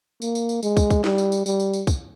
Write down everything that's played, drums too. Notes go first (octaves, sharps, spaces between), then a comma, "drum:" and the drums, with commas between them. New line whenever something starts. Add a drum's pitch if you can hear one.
A#3, drum: tambourine
drum: tambourine
drum: tambourine
G#3, drum: tambourine
drum: kick, tambourine
drum: kick, tambourine
G3, drum: snare
drum: tambourine
drum: tambourine
G3, drum: tambourine
drum: tambourine
drum: tambourine
drum: kick, tambourine